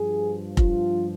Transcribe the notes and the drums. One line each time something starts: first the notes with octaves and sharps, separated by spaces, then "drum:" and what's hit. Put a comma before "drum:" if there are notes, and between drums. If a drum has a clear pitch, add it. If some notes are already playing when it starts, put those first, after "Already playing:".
Already playing: G2 F3 G#4
F4, drum: kick F1